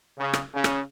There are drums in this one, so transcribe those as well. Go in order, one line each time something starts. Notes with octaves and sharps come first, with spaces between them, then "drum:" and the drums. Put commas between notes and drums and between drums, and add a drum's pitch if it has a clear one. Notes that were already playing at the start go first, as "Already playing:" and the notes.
C#3
drum: rim click
C#3
drum: rim click